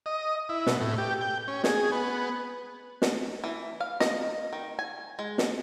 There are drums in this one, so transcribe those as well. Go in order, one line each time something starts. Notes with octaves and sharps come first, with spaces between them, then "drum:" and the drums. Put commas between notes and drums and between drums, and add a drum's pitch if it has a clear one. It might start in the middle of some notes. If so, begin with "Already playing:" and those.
D#5
E4
B2, drum: snare
A2
G4
G5
C#4
G#4, drum: snare
B3
drum: snare
E3
F5
D#5, drum: snare
D#3
G#5
G#3
drum: snare